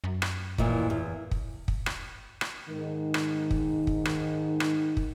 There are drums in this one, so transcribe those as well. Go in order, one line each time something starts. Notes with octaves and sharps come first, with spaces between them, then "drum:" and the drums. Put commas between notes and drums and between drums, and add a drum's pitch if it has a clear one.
F#2
drum: rim click
D#2 A#2 E3, drum: kick
E2
drum: kick
drum: kick
drum: rim click
drum: rim click
G#2 D#3
drum: rim click
drum: kick
drum: kick
drum: rim click
drum: rim click
drum: kick